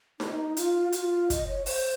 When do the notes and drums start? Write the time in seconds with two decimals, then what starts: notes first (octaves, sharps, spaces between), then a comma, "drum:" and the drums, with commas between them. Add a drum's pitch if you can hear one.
0.20 D#4, drum: snare D#4
0.57 F4, drum: hi-hat
0.92 F#4, drum: hi-hat
0.97 F4
1.30 D#5, drum: kick, hi-hat
1.47 C#5
1.66 C5, drum: open hi-hat